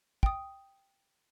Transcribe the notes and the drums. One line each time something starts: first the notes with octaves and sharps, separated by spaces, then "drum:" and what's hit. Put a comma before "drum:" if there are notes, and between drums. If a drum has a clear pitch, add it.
G5 D#6, drum: kick